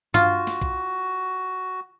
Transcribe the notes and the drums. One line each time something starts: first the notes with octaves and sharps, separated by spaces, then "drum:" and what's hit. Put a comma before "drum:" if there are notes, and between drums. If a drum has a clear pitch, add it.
F4 F#4, drum: tom G2
drum: snare
drum: kick B1